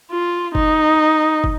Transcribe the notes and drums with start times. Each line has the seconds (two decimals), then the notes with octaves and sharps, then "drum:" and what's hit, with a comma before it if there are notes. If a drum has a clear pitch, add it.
0.11 F4
0.55 D#4, drum: kick
1.44 drum: kick